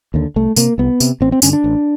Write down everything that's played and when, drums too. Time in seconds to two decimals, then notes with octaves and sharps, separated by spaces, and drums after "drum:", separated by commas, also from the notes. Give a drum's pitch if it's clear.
0.14 D#2 D3
0.36 C2 A3
0.56 C3 A#3, drum: tambourine
0.78 C2 B3
1.00 C3, drum: tambourine
1.21 A1 C4
1.32 C4
1.42 G2 D3 C#4, drum: tambourine
1.53 D4
1.64 A1